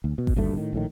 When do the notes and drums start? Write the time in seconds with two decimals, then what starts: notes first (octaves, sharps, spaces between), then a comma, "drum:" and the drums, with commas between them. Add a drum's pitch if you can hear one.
0.04 D2
0.18 B2
0.27 drum: kick G#1
0.36 D#1 D2 G2 A3
0.57 A2 D#3
0.73 A#1 A2 D#3